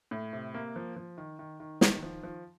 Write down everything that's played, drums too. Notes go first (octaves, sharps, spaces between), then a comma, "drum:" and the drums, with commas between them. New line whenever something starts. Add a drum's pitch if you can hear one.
A2
C3
A#3
F3
F3
D#3
D#3
D#3
D#3, drum: snare
F3
F3